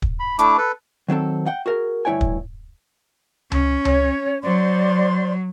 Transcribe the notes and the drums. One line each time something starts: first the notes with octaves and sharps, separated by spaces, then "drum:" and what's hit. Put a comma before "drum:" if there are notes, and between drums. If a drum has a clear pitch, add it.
drum: kick
B5
A3 D4 E4 D6, drum: hi-hat
A4 B4
D#3 F#3 C4 A4
F#5 G5
F#4 G#4 A#4
D2 G2 E4 C#5 G5 G#5
drum: kick
C#4, drum: tom C#2
C#5, drum: tom C#2
F#3 C5 D5 C6